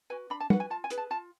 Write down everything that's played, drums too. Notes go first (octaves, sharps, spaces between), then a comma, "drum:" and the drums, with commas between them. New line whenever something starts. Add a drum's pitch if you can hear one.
F#4 B4 G#5
D4 B5
A5
F#4 B4 F#5, drum: tom
G#5
F4 A5
G#5
G#4 B4, drum: hi-hat
A5
F4 A5